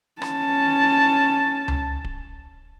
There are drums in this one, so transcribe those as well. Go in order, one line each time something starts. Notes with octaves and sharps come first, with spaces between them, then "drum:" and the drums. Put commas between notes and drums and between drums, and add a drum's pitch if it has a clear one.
C#4 A5, drum: rim click
drum: tom C#2
drum: kick D1